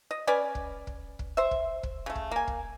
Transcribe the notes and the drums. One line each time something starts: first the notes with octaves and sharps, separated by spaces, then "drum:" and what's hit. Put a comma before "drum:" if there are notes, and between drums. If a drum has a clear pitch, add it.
D#5
C#4 B4 D5 G#5
drum: kick
drum: kick
drum: kick
C5 E5
drum: kick
drum: kick
C#3 A3
drum: kick
A#3 G#5
drum: kick